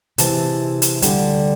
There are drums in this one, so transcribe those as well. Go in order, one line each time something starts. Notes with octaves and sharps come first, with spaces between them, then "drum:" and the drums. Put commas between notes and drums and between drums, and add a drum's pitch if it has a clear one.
C3 E3 G#3 A5, drum: hi-hat
drum: hi-hat
D2 D3 G3, drum: hi-hat